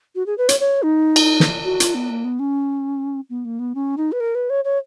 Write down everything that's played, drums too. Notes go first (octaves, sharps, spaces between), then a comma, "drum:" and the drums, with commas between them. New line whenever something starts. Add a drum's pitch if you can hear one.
F#4
G#4
B4
C#5, drum: hi-hat
C#5
D#4
drum: cymbal
drum: snare
F#4
F4, drum: hi-hat
B3
A#3
B3
C#4
B3
A#3
B3
C#4
D#4
B4
A#4
B4
C#5
C#5